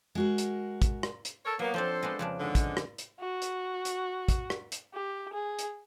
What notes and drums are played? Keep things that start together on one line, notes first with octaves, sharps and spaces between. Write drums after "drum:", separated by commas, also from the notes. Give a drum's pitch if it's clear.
G#3 F#4 A#4
drum: hi-hat
drum: kick, hi-hat
drum: rim click
drum: hi-hat
A4 A#4 C#5
F#3 A#3 B3
F3 C4 D4 A4 C5
G#3 B3 D4
F2 C#3 D4
G#2 D3
drum: kick, hi-hat
drum: rim click
drum: hi-hat
F#4
drum: hi-hat
drum: hi-hat
drum: kick, hi-hat
drum: rim click
drum: hi-hat
G4
G#4
drum: hi-hat